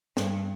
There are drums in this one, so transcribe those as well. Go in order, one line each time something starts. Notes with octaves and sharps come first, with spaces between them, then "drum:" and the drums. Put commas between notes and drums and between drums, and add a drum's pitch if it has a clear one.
G2, drum: snare